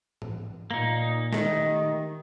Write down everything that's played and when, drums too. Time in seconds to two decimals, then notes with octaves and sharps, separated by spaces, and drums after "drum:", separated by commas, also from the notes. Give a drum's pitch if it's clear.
0.22 drum: tom
0.71 A#2 A#3 D#4
1.33 D#3 A3 G4 D#5, drum: snare